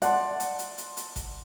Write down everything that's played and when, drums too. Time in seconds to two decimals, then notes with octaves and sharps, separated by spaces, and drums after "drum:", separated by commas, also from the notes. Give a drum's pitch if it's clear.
0.02 D5 F#5 A5 C6, drum: hi-hat
0.40 drum: hi-hat
0.59 drum: hi-hat
0.78 drum: hi-hat
0.97 drum: hi-hat
1.16 drum: kick G#1, hi-hat